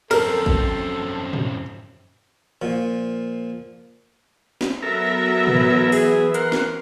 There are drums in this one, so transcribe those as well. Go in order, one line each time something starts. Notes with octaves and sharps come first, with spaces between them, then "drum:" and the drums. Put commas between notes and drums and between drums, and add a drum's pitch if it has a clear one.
F#2 F3 C4 A4 A#4, drum: cymbal
drum: kick
drum: tom
A#2 F3
drum: snare
F#3 B3 A4 A#4 E5 A#5
E3, drum: tom
G#4, drum: open hi-hat
A#4 F#5 C6, drum: hi-hat
drum: snare